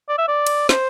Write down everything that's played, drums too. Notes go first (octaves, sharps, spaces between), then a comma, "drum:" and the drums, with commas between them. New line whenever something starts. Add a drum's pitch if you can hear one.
D5
E5
D5
drum: cymbal
C5, drum: snare